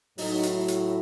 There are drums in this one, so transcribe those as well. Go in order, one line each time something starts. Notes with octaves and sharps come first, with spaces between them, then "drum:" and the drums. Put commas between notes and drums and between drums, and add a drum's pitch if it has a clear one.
A2 F#3 D#4, drum: open hi-hat
drum: hi-hat
E4
drum: hi-hat